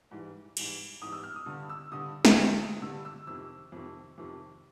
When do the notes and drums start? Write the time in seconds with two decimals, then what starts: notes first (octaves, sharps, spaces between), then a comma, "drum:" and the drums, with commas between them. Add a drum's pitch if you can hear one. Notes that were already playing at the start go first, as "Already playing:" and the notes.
0.11 G#2 E3 G3
0.57 G#2 E3 G3, drum: cymbal
1.01 G#2 E3 G3 D#6
1.12 E6
1.23 F6
1.36 D#6
1.46 G2 D3 G3
1.69 E6
1.92 G2 D3 G3 D#6
2.25 drum: snare
2.36 G2 D3 G3
2.82 G2 D3 G3 E6
3.05 E6
3.27 F2 C3 D#3 E6
3.72 F2 C3 D#3
4.18 F2 C3 D#3